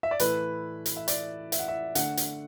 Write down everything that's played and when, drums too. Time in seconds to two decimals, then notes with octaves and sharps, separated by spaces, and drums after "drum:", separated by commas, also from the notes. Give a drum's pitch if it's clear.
0.03 E5
0.11 D5
0.19 A2 E3 A3 E4 B4, drum: hi-hat
0.86 drum: hi-hat
0.97 E5
1.08 D5, drum: hi-hat
1.52 E5, drum: hi-hat
1.59 F#5
1.68 E5
1.95 D3 A3 D4 F#5, drum: hi-hat
2.17 drum: hi-hat